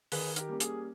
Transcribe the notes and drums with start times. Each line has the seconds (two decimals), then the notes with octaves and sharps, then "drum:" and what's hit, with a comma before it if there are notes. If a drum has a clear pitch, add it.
0.12 D#3 G#4 B4, drum: open hi-hat
0.36 G4 A#4, drum: hi-hat
0.48 G3 A#3 C#4
0.60 G#4, drum: hi-hat